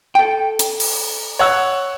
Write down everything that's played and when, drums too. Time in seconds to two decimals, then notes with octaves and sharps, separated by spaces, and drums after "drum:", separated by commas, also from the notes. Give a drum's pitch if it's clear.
0.15 A4 G5
0.59 drum: hi-hat
0.80 drum: open hi-hat
1.39 C#5 F#5 E6